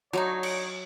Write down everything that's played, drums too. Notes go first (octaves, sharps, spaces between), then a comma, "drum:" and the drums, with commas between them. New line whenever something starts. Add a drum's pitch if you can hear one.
D3 F#3 A3 D#4 C#5
drum: cymbal